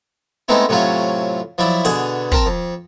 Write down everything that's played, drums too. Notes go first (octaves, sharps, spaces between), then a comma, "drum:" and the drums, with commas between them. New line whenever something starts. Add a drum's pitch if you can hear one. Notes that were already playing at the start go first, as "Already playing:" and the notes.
G#3 A3 B3 C4 D#4 E4
A2 C3 F#3 C#4 F4
F3 F#3 E4 D5 E5
B2 D3 G#4, drum: open hi-hat
C4 A#4 A5, drum: kick
F2